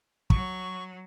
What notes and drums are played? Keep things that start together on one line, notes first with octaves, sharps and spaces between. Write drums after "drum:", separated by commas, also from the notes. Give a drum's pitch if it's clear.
F#3 C#6, drum: kick